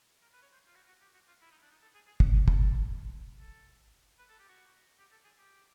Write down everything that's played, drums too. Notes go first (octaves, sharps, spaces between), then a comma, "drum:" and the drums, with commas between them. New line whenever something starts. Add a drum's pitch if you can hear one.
A#4
B4
C#5
C5
F4
F#4
F#4
G4
F#4
F4
E4
D#4
D4
D#4
A4
G#4
G#4
G#4, drum: kick
G#4
A4, drum: kick
A4
B4
A4
G4
F#4
G4
A4
G#4
G4